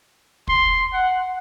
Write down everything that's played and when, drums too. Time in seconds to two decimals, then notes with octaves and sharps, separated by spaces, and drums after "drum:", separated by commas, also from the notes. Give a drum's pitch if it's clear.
0.47 C6, drum: kick
0.92 F#5